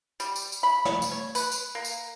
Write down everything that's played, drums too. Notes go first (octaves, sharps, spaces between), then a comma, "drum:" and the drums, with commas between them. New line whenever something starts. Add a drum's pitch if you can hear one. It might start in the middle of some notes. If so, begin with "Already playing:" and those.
G3, drum: tambourine
drum: tambourine
drum: tambourine
B5
drum: snare
drum: tambourine
C#5
B4, drum: tambourine
drum: tambourine
A#3
drum: tambourine